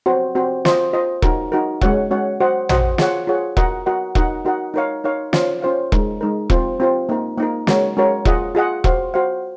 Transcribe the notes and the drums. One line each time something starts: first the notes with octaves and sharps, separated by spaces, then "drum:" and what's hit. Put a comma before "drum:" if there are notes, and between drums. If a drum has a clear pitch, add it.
C4 F#4 C5
C4 F#4 C5
F4 C5 D#5, drum: snare
F4 C5 D#5
D#4 F#4 A#4, drum: kick E1
D#4 F#4 A#4
G#3 C#4 F#4 C#5 F#5, drum: kick E1
G#3 C#4 F#4 C#5 F#5
F#4 C5 D#5 F#5
F#4 C5 D#5 F#5, drum: tom
F4 G#4 C#5 F#5, drum: snare
F4 G#4 C#5 F#5
F#4 A#4 D#5 F#5, drum: kick E1
F#4 A#4 D#5 F#5
D#4 F#4 A#4 D#5 F#5, drum: kick E1
D#4 F#4 A#4 D#5 F#5
D#4 A#4 C#5 F5
D#4 A#4 C#5 F5
C#4 F4 C5 F5, drum: snare
C#4 F4 C5 F5
G#3 D#4 A#4, drum: kick E1
G#3 D#4 A#4
C4 F4 C5, drum: kick E1
C4 F4 C5
A#3 D#4 A#4
A#3 D#4 A#4
G#3 C#4 F#4 A#4 C#5, drum: snare
G#3 C#4 F#4 A#4 C#5
F4 G#4 D#5 F#5, drum: kick E1
F4 G#4 D#5 F#5
F#4 C5 F5, drum: kick E1
F#4 C5 F5